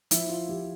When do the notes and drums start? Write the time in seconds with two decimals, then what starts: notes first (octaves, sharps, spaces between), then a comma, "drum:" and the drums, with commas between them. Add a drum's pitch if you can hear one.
0.11 F3 E4, drum: hi-hat
0.30 F4
0.49 F3 G4